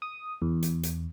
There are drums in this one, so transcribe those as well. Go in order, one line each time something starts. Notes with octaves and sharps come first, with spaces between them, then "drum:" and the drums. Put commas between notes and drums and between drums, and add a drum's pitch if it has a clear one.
D#6
E2
drum: hi-hat
drum: hi-hat